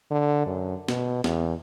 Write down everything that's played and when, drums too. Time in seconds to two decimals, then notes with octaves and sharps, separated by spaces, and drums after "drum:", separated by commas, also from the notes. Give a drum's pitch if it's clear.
0.11 D3
0.46 F#2
0.89 B2, drum: snare
1.24 E2, drum: snare